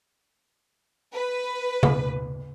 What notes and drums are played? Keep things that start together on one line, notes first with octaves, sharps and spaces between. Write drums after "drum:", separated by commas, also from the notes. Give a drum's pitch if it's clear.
B4
drum: tom C#3